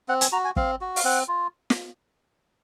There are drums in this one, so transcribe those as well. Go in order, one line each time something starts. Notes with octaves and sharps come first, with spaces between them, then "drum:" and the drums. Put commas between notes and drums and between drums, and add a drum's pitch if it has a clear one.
C4 F#5
G#5, drum: hi-hat
F#4 A#5
G#5
C4 F5, drum: kick
F#4
F5, drum: open hi-hat
C4 F#5
F4
drum: snare